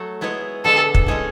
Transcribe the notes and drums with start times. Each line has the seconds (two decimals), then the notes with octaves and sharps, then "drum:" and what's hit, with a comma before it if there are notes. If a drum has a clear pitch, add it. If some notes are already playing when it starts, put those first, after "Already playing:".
Already playing: F#3 A3 A4
0.21 G#3 B3 E4 G#4 C#5
0.64 D3 G#3 B3 A4
0.94 drum: kick
1.06 A2 G#3 C#4 G#4 C#5